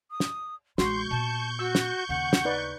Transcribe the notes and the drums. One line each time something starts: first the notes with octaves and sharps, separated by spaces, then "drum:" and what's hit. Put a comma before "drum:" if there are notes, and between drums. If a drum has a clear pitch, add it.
D#6
drum: snare
A1 G#3 F#4 C6 C#6 G6, drum: snare
A#2 B3 A5
F#4 E6
drum: snare
D#2 C#3 F#5
drum: snare
D#4 B4 D5